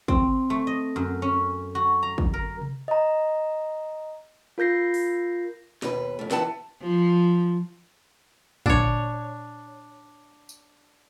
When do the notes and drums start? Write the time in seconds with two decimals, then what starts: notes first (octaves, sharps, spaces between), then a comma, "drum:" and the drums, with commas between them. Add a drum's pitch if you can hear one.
0.08 C4, drum: kick
0.50 A3
0.67 D#5
0.96 F#2
1.22 C#4
1.75 F#4
2.03 A#5
2.18 drum: kick
2.34 A#4
2.62 drum: tom C3
2.88 D#5 A#5
4.58 F4 A#4 G6 A#6 C7
4.94 drum: open hi-hat
5.82 D#2 B2 B4, drum: snare
6.19 F#2 A3
6.31 E3 C4 E4 B4 F#5 A5, drum: snare
6.82 F3
8.66 A#2 D4 C#5, drum: kick
10.49 drum: tambourine